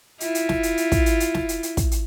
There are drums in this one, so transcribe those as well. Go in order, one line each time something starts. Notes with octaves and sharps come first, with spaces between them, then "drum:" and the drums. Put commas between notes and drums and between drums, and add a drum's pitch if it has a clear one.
E4 F4, drum: hi-hat
drum: hi-hat
drum: snare
drum: hi-hat
drum: hi-hat
drum: kick, hi-hat
drum: hi-hat
drum: hi-hat
drum: snare
drum: hi-hat
drum: hi-hat
drum: kick, hi-hat
drum: hi-hat